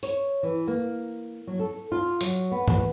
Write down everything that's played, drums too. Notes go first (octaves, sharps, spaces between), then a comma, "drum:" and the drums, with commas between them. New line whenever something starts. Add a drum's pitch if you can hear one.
C#5, drum: tambourine
E3
A#3
F#3
A4
F4
F#3, drum: hi-hat
B3
drum: tom